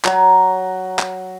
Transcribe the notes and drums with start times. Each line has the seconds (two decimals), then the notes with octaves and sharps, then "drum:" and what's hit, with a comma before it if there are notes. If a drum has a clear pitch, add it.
0.05 F#3, drum: clap
0.99 drum: clap